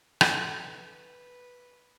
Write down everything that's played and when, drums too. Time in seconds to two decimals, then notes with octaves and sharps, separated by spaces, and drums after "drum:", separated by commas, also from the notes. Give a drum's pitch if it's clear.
0.21 A4, drum: rim click
0.63 B4